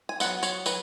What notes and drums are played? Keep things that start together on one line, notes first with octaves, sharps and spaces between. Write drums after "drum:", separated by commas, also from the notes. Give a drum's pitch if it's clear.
G#5
F#3 B3 F#5, drum: tambourine
C#5, drum: tambourine
F#3 B4, drum: tambourine